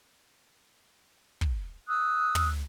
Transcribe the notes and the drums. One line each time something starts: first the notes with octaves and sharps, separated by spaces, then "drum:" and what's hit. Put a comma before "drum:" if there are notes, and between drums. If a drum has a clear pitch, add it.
drum: kick
D#6 E6 F#6
drum: tom